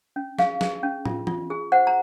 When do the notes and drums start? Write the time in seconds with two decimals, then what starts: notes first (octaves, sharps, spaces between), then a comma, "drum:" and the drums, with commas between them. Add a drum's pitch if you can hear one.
0.16 C#4
0.39 G#4 F5, drum: snare
0.61 G#4, drum: snare
0.83 C#4
1.05 F4, drum: tom
1.27 F4, drum: tom E3
1.50 G#4
1.72 C5 F#5
1.87 A#5